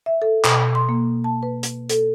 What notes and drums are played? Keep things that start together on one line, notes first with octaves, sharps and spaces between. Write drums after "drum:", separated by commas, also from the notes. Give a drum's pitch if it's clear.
E5
A4
B2, drum: clap
C6
A#3
A5
B4
drum: hi-hat
A4, drum: hi-hat